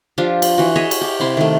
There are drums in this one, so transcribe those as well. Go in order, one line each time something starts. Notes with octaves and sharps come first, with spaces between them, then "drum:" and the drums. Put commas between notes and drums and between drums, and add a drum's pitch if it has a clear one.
F3 D4 F4 G4
drum: cymbal
E3 F#4
G#4 C#5 D#5 E5
drum: cymbal
G4
C3 E4 C6
D#3 A3